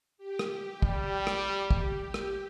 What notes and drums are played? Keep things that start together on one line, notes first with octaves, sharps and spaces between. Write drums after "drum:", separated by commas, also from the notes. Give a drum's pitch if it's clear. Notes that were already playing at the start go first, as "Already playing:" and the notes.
G4
drum: rim click
G3, drum: kick
drum: rim click
drum: kick
drum: rim click